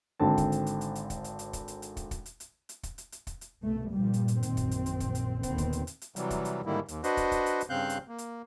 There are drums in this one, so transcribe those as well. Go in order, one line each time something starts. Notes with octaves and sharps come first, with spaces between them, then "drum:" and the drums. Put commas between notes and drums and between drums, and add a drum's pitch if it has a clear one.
G#1 D3 C4 A5
drum: kick, hi-hat
drum: hi-hat
drum: hi-hat
drum: hi-hat
drum: hi-hat
drum: kick, hi-hat
drum: hi-hat
drum: hi-hat
drum: kick, hi-hat
drum: hi-hat
drum: hi-hat
drum: kick, hi-hat
drum: kick, hi-hat
drum: hi-hat
drum: hi-hat
drum: hi-hat
drum: kick, hi-hat
drum: hi-hat
drum: hi-hat
drum: kick, hi-hat
drum: hi-hat
C2 G2 B2 A3
G2 A#2 F3 G3
drum: hi-hat
drum: hi-hat
A#1 F#2 A#2 D#3 C4, drum: hi-hat
drum: kick, hi-hat
drum: hi-hat
drum: hi-hat
drum: kick, hi-hat
drum: hi-hat
D#2 A#2 D3 D#3 B3 C4, drum: kick, hi-hat
drum: kick, hi-hat
drum: hi-hat
drum: hi-hat
drum: hi-hat
C3 E3 F#3 G3, drum: hi-hat
drum: kick, hi-hat
drum: hi-hat
G#2 D3 D#3 G3 A#3 E4
D#2, drum: hi-hat
D4 F#4 B4 C5 D#5, drum: hi-hat
drum: kick, hi-hat
drum: kick, hi-hat
drum: hi-hat
drum: hi-hat
G2 C#3 C4 F5 F#6 G6
drum: hi-hat
A#3
drum: hi-hat